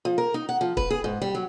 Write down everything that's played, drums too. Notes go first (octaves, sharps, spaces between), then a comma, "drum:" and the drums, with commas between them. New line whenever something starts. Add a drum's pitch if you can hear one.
F3
A#4
D#4
F#5
F3
B4, drum: kick
G#4
G#2
G3
F#3